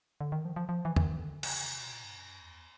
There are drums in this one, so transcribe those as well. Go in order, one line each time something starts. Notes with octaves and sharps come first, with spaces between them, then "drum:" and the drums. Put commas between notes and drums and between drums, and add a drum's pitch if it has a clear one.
D3
D#3
F3
F3
F3
E3
E3, drum: tom
D#3
D3
C#3, drum: cymbal
C3
B2
A#2
G2
F#2
E2